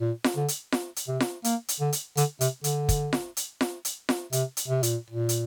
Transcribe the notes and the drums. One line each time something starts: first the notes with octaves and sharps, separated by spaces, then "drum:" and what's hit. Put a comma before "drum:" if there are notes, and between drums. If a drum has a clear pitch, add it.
A#2
drum: snare F4
D3
drum: hi-hat
drum: snare F4
drum: hi-hat
C3
drum: snare F4
A#3, drum: hi-hat
drum: hi-hat
D3
drum: hi-hat
D3, drum: hi-hat
C3, drum: hi-hat
D3, drum: hi-hat
drum: kick, hi-hat
drum: snare F4
drum: hi-hat
drum: snare F4
drum: hi-hat
drum: snare F4
C3, drum: hi-hat
drum: hi-hat
C3
A#2, drum: hi-hat
A#2
drum: hi-hat